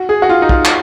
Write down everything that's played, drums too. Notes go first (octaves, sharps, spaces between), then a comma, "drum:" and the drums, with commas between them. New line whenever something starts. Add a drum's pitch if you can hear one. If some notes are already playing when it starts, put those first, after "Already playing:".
Already playing: F#4
G#4
F#4
F4
D#4
F4, drum: kick
drum: clap